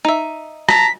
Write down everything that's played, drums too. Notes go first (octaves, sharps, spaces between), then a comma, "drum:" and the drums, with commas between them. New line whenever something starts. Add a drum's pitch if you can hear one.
D#4 E5
A5 A#5 B6, drum: rim click